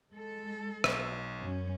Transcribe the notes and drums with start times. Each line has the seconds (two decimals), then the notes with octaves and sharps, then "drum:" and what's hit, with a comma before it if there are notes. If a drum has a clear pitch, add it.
0.11 G#3 A4
0.84 B1, drum: rim click
1.41 F#2 C#4